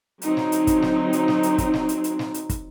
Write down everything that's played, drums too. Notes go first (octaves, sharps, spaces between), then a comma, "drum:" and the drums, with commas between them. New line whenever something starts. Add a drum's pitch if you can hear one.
D3 F#3 C4 D#4, drum: hi-hat
drum: snare
drum: hi-hat
drum: kick, hi-hat
drum: snare
drum: hi-hat
drum: snare
drum: hi-hat
drum: kick, hi-hat
drum: snare
drum: hi-hat
drum: hi-hat
drum: snare
drum: hi-hat
drum: kick, hi-hat